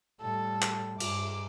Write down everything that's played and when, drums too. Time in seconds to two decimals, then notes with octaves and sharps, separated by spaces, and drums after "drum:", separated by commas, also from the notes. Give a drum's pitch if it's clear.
0.21 A2 G3 A4
0.62 drum: clap
1.00 G2 D6, drum: cymbal